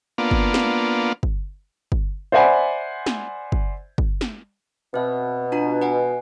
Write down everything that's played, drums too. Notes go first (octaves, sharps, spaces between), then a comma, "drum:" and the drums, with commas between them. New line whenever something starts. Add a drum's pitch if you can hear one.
A#3 B3 D4 F4
drum: kick G1
drum: snare
drum: kick G1
drum: kick G1
C5 D5 E5 F#5 G#5 B5
drum: snare
drum: kick G1
drum: kick G1
drum: snare
B2 C4 E5
D4 F4 A#5
B4 F#5 G#5